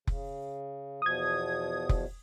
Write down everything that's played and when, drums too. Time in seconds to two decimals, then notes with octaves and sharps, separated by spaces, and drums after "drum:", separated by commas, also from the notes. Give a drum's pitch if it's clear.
0.07 C#3, drum: kick F1
1.02 E2 B2 F3 D#6 G#6
1.89 drum: kick F1